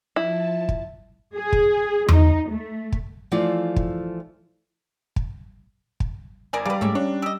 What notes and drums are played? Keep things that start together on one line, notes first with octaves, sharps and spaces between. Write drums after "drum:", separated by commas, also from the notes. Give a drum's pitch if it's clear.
F3 E4 A5
drum: kick
G#4
drum: kick
D#4, drum: tom E2
A3
drum: kick
E3 F3 A3 F4 D5
drum: kick
drum: kick
drum: kick
G#1 A#4 D5 G#5
C#3 G3 B4 D5 F5 A#5 D6
G#2 G#3 A3 C#4 C#5 E5
C#4 D4 C#5
G4 D#5 E6